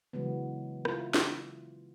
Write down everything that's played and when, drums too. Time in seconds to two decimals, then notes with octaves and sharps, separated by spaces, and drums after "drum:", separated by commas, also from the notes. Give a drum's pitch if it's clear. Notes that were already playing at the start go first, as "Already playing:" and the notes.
0.13 C#3 E3 F#3 G#3 B3
0.85 E4 F4, drum: rim click
1.14 drum: snare